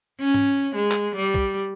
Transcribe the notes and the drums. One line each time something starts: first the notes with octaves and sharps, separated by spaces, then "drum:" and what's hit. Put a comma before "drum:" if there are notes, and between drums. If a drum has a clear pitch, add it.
C#4
drum: tom G#2
G#3
drum: clap
G3
drum: kick